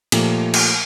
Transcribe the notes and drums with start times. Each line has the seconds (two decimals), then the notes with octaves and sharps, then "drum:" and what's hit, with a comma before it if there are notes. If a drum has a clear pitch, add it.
0.12 A#2 F3 A3 G4, drum: cymbal
0.54 drum: cymbal